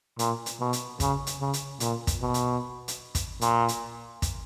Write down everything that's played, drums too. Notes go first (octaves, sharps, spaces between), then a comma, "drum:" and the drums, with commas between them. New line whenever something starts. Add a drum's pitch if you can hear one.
A#2, drum: hi-hat
drum: hi-hat
B2
drum: hi-hat
C#3, drum: kick, hi-hat
drum: hi-hat
C#3
drum: hi-hat
A#2, drum: hi-hat
drum: kick, hi-hat
B2
drum: hi-hat
drum: hi-hat
drum: kick, hi-hat
A#2, drum: hi-hat
drum: hi-hat
drum: kick, hi-hat